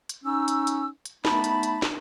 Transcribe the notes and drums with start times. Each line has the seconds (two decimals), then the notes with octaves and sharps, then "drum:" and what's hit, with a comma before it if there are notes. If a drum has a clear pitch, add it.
0.09 drum: hi-hat
0.24 C#4 D#4 E6
0.48 drum: hi-hat
0.67 drum: hi-hat
1.05 drum: hi-hat
1.25 A3 B3 D#4 A5 B5, drum: snare
1.44 drum: hi-hat
1.63 drum: hi-hat
1.82 drum: snare